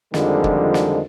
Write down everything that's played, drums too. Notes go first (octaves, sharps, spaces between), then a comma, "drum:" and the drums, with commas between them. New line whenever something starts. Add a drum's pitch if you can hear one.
F2 D3 D#3 F3 G3 G#3, drum: snare
drum: kick
drum: snare